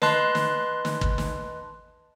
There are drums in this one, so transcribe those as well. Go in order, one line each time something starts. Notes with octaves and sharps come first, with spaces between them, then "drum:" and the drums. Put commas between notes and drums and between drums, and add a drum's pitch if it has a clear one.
B4 D#5 A5 C6 F#6, drum: snare
drum: snare
drum: snare
drum: kick
drum: snare